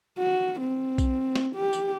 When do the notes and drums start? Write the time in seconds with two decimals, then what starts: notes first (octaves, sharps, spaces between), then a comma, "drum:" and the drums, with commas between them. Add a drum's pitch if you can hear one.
0.19 F#4
0.61 C4
0.98 drum: kick B1, tambourine
1.36 drum: snare
1.55 G4
1.73 drum: tambourine